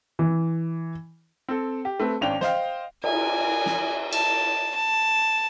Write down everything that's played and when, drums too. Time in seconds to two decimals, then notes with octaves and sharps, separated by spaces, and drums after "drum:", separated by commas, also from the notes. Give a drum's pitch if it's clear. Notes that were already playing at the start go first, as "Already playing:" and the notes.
0.19 E3
1.49 C4 A4
1.85 G4
2.00 A3 C4 B4
2.21 G#1 C#4 D4 G5 F7
2.41 C5 D#5 F5 G5, drum: snare
3.04 G#5, drum: cymbal
3.66 drum: snare
4.13 A5, drum: cymbal
4.75 A5